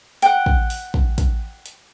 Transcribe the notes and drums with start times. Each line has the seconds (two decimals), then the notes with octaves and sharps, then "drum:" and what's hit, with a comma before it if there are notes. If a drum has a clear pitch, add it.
0.22 F#5 G5, drum: hi-hat
0.46 drum: kick
0.70 drum: open hi-hat
0.94 drum: kick
1.18 drum: kick, hi-hat
1.66 drum: hi-hat